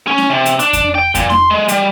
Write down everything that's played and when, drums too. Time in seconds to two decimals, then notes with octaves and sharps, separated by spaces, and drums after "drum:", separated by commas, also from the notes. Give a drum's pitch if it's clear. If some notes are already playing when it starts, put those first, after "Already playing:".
0.07 C#4
0.18 drum: snare
0.30 C3
0.46 drum: hi-hat
0.59 D4, drum: hi-hat
0.73 drum: kick F2, hi-hat
0.95 G5
1.15 A#2, drum: kick F2, hi-hat
1.30 C6, drum: snare
1.51 G#3
1.68 G3, drum: hi-hat